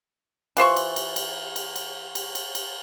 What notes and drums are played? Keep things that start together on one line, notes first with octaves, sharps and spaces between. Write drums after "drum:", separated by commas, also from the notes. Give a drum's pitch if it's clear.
E3 F4 C5 C#6, drum: cymbal
drum: cymbal
drum: cymbal
drum: cymbal
drum: cymbal
drum: cymbal
drum: cymbal
drum: cymbal
drum: cymbal